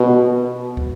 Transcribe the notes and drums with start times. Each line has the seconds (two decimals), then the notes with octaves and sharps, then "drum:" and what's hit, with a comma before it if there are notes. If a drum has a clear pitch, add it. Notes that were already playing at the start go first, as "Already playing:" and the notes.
Already playing: B2
0.77 drum: kick